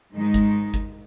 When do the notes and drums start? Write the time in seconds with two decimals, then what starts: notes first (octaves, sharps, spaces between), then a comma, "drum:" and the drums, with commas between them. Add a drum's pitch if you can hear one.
0.14 G#2 D#3 G#3 D#4
0.34 drum: kick
0.74 drum: kick